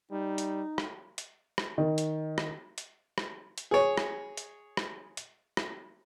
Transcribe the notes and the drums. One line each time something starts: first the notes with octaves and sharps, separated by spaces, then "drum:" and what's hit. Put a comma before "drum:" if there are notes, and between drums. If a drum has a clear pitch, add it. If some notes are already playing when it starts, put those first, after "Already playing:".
G3 D#4
drum: hi-hat
drum: rim click
drum: hi-hat
drum: rim click
D#3
drum: hi-hat
drum: rim click
drum: hi-hat
drum: rim click
drum: hi-hat
G#4 C#5
drum: rim click
drum: hi-hat
drum: rim click
drum: hi-hat
drum: rim click